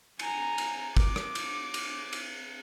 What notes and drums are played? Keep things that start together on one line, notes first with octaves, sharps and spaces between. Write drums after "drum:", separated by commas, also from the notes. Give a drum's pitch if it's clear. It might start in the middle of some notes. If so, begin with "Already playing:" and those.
G#5 A#5, drum: cymbal
drum: cymbal
D6, drum: kick, cymbal
drum: rim click
drum: cymbal
drum: cymbal
drum: cymbal